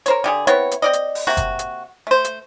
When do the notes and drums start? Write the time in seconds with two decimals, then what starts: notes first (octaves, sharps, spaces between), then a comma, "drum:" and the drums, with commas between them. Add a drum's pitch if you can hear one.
0.06 A#4 C5 C#5, drum: hi-hat
0.24 D3 G4 G#4
0.47 B3 C4 E4 C#5, drum: hi-hat
0.71 drum: hi-hat
0.82 C4 D5 D#5
0.93 drum: hi-hat
1.15 drum: open hi-hat
1.27 C3 A#3 F#4
1.37 drum: kick F#1, hi-hat
1.59 drum: hi-hat
2.07 A3 C5
2.24 drum: hi-hat